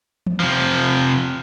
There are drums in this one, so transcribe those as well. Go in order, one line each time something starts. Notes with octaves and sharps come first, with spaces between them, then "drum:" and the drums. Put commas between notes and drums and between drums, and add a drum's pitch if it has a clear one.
drum: tom E3
C3 F3